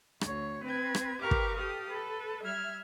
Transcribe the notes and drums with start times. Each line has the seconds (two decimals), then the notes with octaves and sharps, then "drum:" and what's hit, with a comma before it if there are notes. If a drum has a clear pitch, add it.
0.21 D2 C#5, drum: rim click
0.63 C4 B4 G#6
0.95 drum: rim click
1.21 G4 A#4 B4 F5 C#6 D6
1.31 drum: kick
1.56 G4 A4 F5 D#6
1.89 A4 B4
2.44 G3 E5 F6 G#6